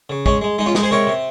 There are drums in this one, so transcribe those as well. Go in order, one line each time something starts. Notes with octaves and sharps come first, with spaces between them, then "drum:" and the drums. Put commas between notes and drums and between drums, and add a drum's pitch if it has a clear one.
C#3
G#3 C#4, drum: kick
G#3
G#3 D#4
C#4 F4
G#3 D#4, drum: snare
G#4 C5
C3 A#4 C#5
C3